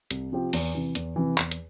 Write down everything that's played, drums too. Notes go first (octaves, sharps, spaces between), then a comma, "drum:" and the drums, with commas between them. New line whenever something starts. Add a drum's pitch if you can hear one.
C2, drum: hi-hat
C3 F3 C4 G4
E2, drum: open hi-hat
C3 E3
E2, drum: hi-hat
C3 E3
E2, drum: clap
drum: hi-hat